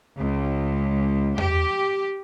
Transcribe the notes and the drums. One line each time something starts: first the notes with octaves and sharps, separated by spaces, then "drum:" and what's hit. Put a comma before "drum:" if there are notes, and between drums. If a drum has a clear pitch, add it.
C#2
G4, drum: tom E2